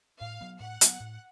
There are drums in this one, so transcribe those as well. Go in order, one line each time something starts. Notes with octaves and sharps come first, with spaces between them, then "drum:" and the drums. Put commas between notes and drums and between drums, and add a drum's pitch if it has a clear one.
A2 F5
F#3 B3
A2 F#5
F#3 B3, drum: hi-hat
A2